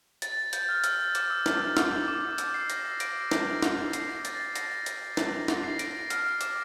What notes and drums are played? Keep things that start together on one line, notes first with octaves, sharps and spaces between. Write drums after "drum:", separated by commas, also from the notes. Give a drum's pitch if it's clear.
A6, drum: hi-hat
G6, drum: hi-hat
F6
E6, drum: hi-hat
D6, drum: hi-hat
E6
G6, drum: snare
F6
E6, drum: snare
D6
E6, drum: hi-hat
C7
A#6, drum: hi-hat
C7
A#6 D7, drum: hi-hat
A#6 D7, drum: snare
drum: snare
C7, drum: hi-hat
A#6
A6, drum: hi-hat
A#6, drum: hi-hat
drum: hi-hat
drum: snare
A#6, drum: snare
C7
A#6 D7, drum: hi-hat
F6, drum: hi-hat
D6, drum: hi-hat